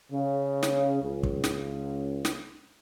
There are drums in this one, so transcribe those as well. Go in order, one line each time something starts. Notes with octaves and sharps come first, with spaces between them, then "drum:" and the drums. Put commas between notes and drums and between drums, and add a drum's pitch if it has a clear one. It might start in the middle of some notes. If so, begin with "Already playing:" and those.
C#3
drum: snare
C#2
drum: kick
drum: snare
drum: snare